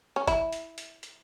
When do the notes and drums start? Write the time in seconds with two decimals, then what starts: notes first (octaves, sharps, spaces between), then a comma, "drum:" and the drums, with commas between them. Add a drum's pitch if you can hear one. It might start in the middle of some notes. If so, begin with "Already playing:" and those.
0.16 C#4
0.27 E4, drum: kick, hi-hat
0.52 drum: hi-hat
0.78 drum: hi-hat
1.03 drum: hi-hat